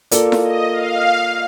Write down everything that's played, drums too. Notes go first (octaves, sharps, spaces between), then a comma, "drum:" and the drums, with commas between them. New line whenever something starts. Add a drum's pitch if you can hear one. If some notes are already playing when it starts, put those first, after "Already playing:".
A#3 F4 A4 D5, drum: hi-hat
drum: snare E4
D#5
F5